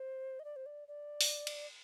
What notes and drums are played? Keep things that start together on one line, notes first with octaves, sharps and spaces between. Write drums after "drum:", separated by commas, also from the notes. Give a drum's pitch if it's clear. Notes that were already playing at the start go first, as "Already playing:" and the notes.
Already playing: C5
D#5
D5
C5
D5
D5
drum: open hi-hat
drum: cymbal